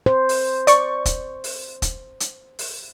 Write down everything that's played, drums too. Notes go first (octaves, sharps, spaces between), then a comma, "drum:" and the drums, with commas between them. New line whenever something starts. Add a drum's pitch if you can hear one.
C5
drum: open hi-hat
D5 C#6, drum: hi-hat
drum: kick, hi-hat
drum: open hi-hat
drum: kick, hi-hat
drum: hi-hat
drum: open hi-hat